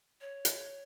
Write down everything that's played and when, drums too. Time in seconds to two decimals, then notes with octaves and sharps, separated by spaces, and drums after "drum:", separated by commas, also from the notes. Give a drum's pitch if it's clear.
0.21 C#5
0.45 drum: hi-hat